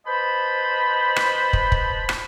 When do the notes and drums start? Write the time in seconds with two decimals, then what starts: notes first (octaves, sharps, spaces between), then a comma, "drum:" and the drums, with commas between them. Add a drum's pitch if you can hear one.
0.06 B4 C5 D#5 A5 B5
1.16 drum: rim click
1.53 drum: kick
1.72 drum: kick
2.09 drum: rim click